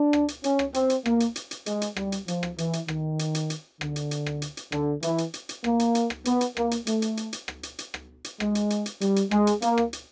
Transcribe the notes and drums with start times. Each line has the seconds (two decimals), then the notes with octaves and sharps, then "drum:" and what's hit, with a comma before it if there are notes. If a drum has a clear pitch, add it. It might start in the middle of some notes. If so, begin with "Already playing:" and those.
Already playing: D4
0.13 drum: rim click
0.28 drum: hi-hat
0.44 C#4, drum: hi-hat
0.59 drum: rim click
0.74 C4, drum: hi-hat
0.90 drum: hi-hat
1.06 A#3, drum: rim click
1.20 drum: hi-hat
1.36 drum: hi-hat
1.51 drum: hi-hat
1.66 G#3, drum: hi-hat
1.82 drum: hi-hat
1.96 G3, drum: rim click
2.12 drum: hi-hat
2.28 F3, drum: hi-hat
2.43 drum: rim click
2.58 E3, drum: hi-hat
2.73 drum: hi-hat
2.88 D#3, drum: rim click
3.19 drum: hi-hat
3.35 drum: hi-hat
3.50 drum: hi-hat
3.81 D3, drum: rim click
3.96 drum: hi-hat
4.11 drum: hi-hat
4.26 drum: rim click
4.42 drum: hi-hat
4.57 drum: hi-hat
4.72 D3, drum: rim click
5.03 E3, drum: hi-hat
5.18 drum: hi-hat
5.34 drum: hi-hat
5.49 drum: hi-hat
5.64 A#3, drum: rim click
5.80 drum: hi-hat
5.95 drum: hi-hat
6.10 drum: rim click
6.25 B3, drum: hi-hat
6.41 drum: hi-hat
6.57 A#3, drum: rim click
6.71 drum: hi-hat
6.87 A3, drum: hi-hat
7.02 drum: hi-hat
7.17 drum: hi-hat
7.33 drum: hi-hat
7.48 drum: rim click
7.63 drum: hi-hat
7.79 drum: hi-hat
7.94 drum: rim click
8.24 drum: hi-hat
8.40 G#3, drum: rim click
8.55 drum: hi-hat
8.70 drum: hi-hat
8.86 drum: hi-hat
9.01 G3, drum: hi-hat
9.16 drum: hi-hat
9.31 G#3, drum: rim click
9.47 drum: hi-hat
9.62 A#3, drum: hi-hat
9.78 drum: rim click
9.93 drum: hi-hat